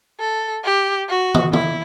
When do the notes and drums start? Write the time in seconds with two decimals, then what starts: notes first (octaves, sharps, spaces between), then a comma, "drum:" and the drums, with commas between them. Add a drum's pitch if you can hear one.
0.20 A4
0.64 G4
1.09 F#4
1.34 drum: tom
1.53 E4, drum: tom